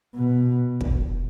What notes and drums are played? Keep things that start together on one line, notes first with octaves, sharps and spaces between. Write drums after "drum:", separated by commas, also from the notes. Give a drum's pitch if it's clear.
B2
drum: kick